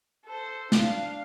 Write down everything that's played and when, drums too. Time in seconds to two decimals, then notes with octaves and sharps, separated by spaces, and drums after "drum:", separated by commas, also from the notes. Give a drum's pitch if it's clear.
0.25 A4 C5
0.72 D4 F5, drum: snare